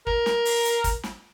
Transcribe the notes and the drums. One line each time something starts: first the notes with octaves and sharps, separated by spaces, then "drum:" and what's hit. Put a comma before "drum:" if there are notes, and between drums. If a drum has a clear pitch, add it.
A#4, drum: kick
drum: snare
drum: open hi-hat
drum: hi-hat
drum: kick, hi-hat
drum: snare